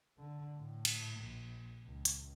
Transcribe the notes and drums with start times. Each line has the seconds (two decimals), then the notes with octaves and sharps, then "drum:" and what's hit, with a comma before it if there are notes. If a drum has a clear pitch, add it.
0.18 D3
0.58 A2
0.85 drum: cymbal
1.21 A#1
1.84 C#2
2.05 drum: hi-hat